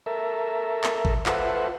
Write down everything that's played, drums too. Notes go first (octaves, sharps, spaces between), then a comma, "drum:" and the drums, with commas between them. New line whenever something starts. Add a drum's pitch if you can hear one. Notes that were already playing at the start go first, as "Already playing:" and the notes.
A4 A#4 E5
drum: clap
drum: kick G#1
F4 A4 B4 C5 E5 F#5, drum: clap